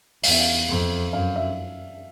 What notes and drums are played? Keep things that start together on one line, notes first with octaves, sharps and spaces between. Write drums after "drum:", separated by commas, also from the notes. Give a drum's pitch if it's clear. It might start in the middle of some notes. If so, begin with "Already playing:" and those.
E2 F5, drum: open hi-hat
E5
F5
F2
F#2 F5
E5